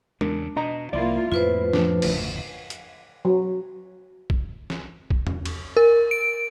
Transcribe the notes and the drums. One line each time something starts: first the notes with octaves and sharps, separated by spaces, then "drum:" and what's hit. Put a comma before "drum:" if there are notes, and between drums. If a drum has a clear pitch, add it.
E2 C#3 D4 A#4, drum: tom G#3
B2 D4 D#5 A#5
C2 F3 A#3 E4 F4 D5
F2 A2 A#3 F4 B4 C5
F3 D4, drum: snare
G1 E2 C#3, drum: cymbal
drum: hi-hat
F#3
drum: kick
drum: snare
drum: kick
drum: tom E2
drum: cymbal
A#4
D7